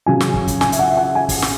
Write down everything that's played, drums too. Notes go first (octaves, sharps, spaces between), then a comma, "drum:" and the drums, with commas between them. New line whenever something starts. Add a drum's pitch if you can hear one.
C#3 F#3 C#4 G#5
drum: snare
drum: kick
drum: kick, hi-hat
G#5, drum: snare
E5, drum: hi-hat
F#5
E5
F#5
G#5
drum: kick, open hi-hat
drum: snare